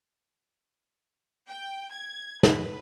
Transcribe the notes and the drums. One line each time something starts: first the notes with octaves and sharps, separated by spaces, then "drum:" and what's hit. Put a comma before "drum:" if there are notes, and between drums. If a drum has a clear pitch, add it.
G5
G#6
B4, drum: snare